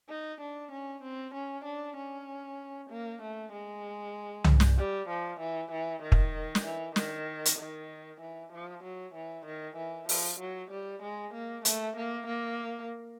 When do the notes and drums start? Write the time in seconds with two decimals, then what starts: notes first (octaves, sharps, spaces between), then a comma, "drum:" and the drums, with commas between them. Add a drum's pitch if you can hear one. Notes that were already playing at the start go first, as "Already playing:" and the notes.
0.09 D#4
0.41 D4
0.71 C#4
1.03 C4
1.34 C#4
1.65 D4
1.97 C#4
2.90 A#3
3.22 A3
3.52 G#3
4.44 drum: tom C2
4.60 drum: snare
4.78 G3
5.09 F3
5.40 E3
5.71 E3
6.03 D#3
6.12 drum: kick
6.55 drum: snare
6.65 E3
6.96 D#3, drum: snare
7.45 drum: hi-hat
7.59 D#3
8.21 E3
8.52 F3
8.83 F#3
9.15 E3
9.46 D#3
9.77 E3
10.09 F3, drum: open hi-hat
10.40 F#3
10.71 G3
11.03 G#3
11.34 A#3
11.65 A3, drum: hi-hat
11.97 A#3
12.27 A#3